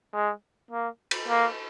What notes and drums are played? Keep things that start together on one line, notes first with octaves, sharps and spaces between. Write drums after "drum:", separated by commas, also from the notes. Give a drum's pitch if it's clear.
G#3
A#3
drum: cymbal
A#3